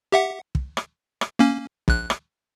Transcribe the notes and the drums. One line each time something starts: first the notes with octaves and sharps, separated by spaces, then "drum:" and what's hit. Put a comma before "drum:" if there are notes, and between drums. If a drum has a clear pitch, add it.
G4 E5 F#5
drum: kick
drum: rim click
drum: rim click
A#3 C#4
A#1 F#6, drum: kick
drum: rim click